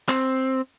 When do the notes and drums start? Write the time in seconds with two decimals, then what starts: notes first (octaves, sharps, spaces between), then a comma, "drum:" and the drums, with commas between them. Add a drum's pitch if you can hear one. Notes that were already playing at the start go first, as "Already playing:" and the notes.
0.09 C4, drum: clap